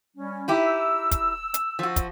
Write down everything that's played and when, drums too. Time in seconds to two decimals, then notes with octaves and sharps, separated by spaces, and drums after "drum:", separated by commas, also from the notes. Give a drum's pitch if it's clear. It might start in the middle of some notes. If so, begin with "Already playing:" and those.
0.16 G3 C#4
0.48 D#4 E4 G4
0.66 E6
1.11 drum: kick, hi-hat
1.54 drum: hi-hat
1.79 F3 F#4
1.96 drum: kick, hi-hat